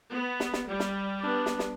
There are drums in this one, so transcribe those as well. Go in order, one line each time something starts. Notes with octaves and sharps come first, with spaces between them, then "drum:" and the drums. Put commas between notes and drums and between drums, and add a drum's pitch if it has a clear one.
B3
drum: snare
drum: snare
G3
drum: snare
B3 D4
drum: snare
drum: snare